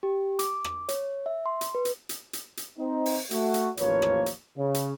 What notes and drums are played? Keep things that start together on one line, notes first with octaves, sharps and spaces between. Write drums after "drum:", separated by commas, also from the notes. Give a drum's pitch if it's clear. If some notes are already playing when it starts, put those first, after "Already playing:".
G4
D6, drum: hi-hat
drum: rim click
C#5, drum: hi-hat
E5
C6
drum: hi-hat
B4
drum: hi-hat
drum: hi-hat
drum: hi-hat
drum: hi-hat
C4 D#4
drum: open hi-hat
A3 F#4, drum: hi-hat
drum: hi-hat
A1 D#2 F3 A#3 B4 C#5, drum: hi-hat
drum: rim click
drum: hi-hat
C#3
drum: hi-hat